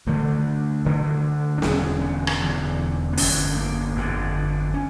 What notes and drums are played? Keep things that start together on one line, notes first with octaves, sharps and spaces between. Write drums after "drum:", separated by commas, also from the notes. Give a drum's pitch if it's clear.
D2 D3 A3
D2 D3
D4
E1 E2 D3 C#4, drum: snare
C#4
drum: rim click
E1 E2 D3
A#3
G1 F2 D3 C#4, drum: open hi-hat
A#3
G1 F2 D3
C#4